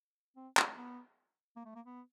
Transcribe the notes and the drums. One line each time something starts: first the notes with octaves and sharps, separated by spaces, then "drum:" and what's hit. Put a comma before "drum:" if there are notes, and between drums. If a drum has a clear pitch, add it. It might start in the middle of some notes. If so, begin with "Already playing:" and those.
C4
drum: clap
B3
A#3
A3
A#3
B3